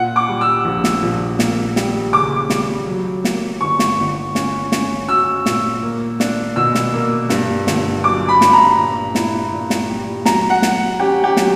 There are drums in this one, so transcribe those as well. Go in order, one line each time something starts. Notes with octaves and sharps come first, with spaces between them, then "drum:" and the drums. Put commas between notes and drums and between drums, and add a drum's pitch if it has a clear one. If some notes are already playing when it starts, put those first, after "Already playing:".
Already playing: A#2 F#5
D6
G3
E6
A#1
drum: snare
A#1
A#3, drum: snare
G3, drum: snare
C#3 D6
G3, drum: snare
F#3
A#3, drum: snare
G1 C#6
drum: snare
G1
C#4, drum: snare
C#4, drum: snare
F#4 E6
A#2, drum: snare
A#3
D4, drum: snare
B2 E6
drum: snare
A#3
G2, drum: snare
G1, drum: snare
F#3 D6
B5
G2, drum: snare
A#5
A#2
E4, drum: snare
A#2
drum: snare
G3
F#3 A#5, drum: snare
F#5
F#3, drum: snare
C#4 G4
G4
F#3, drum: snare